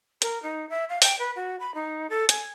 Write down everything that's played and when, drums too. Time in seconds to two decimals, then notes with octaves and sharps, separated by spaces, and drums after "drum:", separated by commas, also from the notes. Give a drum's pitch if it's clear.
0.22 A#4, drum: hi-hat
0.42 D#4
0.69 E5
0.89 F5
1.02 G5, drum: open hi-hat
1.19 B4
1.35 F#4
1.60 B5
1.74 D#4
2.09 A4
2.29 G#5, drum: hi-hat